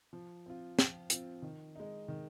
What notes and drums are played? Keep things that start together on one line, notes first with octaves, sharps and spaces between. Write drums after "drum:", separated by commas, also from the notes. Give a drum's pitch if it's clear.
F3
C4 F4
F3, drum: snare
C4 F4, drum: hi-hat
D#3
G#3 D#4
D#3